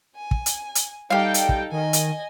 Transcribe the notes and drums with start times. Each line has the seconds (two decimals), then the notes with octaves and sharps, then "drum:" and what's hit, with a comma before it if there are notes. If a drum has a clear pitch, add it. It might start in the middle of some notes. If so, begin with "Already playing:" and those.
0.16 G#5
0.31 drum: kick
0.46 drum: hi-hat
0.75 drum: hi-hat
1.10 G3 D#4 G4 A4 F5 G5
1.34 drum: hi-hat
1.49 drum: kick
1.72 D#3 D#5 G#5
1.93 drum: hi-hat